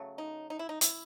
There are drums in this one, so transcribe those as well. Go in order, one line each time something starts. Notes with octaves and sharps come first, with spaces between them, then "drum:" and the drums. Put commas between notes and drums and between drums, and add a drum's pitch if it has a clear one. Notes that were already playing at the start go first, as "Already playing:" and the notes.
Already playing: C#3 F#3 A3
D#4
D#4
E4
D#4
E4, drum: hi-hat